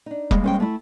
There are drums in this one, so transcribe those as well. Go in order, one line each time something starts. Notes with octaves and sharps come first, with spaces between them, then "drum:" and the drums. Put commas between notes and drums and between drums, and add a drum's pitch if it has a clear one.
D4 D#4
G3 G#3 A#3, drum: kick
C#4 C5 G5
A3 E4